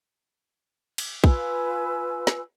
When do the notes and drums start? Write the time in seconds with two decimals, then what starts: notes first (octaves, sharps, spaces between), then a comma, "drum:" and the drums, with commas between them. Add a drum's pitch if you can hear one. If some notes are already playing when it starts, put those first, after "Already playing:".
0.98 drum: cymbal
1.24 F4 B4 G#5 E6, drum: kick
2.27 drum: snare